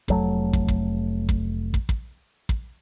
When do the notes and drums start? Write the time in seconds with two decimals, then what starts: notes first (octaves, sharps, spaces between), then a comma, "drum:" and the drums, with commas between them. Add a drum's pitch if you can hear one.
0.08 F1 F#3 A3, drum: kick
0.53 drum: kick
0.68 drum: kick
1.29 drum: kick
1.74 drum: kick
1.89 drum: kick
2.49 drum: kick